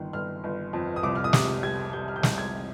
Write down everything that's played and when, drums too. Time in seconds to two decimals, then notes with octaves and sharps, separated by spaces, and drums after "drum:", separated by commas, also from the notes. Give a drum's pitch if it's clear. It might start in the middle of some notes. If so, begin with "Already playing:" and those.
Already playing: G1 D#3
0.13 G1 F6
0.44 G1
0.73 F2
0.96 D#6
1.03 C2 D6
1.15 F6
1.24 D#6
1.33 C3 D6, drum: snare
1.63 G3 G#6
1.93 G3 G6
2.08 F6
2.16 G6
2.23 C2, drum: snare
2.38 G#6